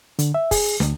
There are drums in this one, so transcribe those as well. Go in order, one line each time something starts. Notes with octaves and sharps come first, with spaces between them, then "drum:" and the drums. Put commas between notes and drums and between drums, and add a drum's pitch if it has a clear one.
D3, drum: hi-hat
E5
G#4, drum: kick, open hi-hat
D2, drum: snare